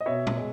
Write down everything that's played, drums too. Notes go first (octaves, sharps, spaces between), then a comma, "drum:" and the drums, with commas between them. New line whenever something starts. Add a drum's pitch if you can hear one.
D#5
B2 C#5 E5
drum: tom
G#3